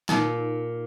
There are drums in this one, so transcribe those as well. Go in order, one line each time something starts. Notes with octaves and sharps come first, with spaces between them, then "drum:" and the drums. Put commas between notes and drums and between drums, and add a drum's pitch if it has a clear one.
A#2 D#4, drum: snare